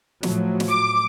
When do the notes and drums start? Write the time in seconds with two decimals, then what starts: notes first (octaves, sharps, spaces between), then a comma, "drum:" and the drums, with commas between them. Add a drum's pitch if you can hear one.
0.23 A2 F3 F#3, drum: snare
0.60 drum: snare
0.70 D6